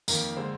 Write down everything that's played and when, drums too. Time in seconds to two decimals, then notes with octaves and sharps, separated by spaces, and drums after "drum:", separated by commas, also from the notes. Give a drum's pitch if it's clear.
0.08 F2 D#3 A#3 A#4, drum: tambourine
0.37 D3 G#3 C5